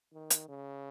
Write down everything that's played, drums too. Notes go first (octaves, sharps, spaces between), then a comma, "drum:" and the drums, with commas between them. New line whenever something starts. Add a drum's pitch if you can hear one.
D#3
drum: hi-hat
C#3